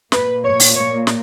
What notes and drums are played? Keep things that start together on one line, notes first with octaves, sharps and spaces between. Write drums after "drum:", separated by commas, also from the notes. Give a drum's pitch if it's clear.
A#2 A#3 B4, drum: snare
C#5
drum: open hi-hat
C#5
drum: snare